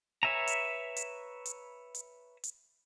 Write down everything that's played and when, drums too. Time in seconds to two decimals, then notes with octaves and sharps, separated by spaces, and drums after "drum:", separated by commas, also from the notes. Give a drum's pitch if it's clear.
0.23 B4 C#5 E5 G#5 A#5
0.47 drum: hi-hat
0.96 drum: hi-hat
1.45 drum: hi-hat
1.94 drum: hi-hat
2.44 drum: hi-hat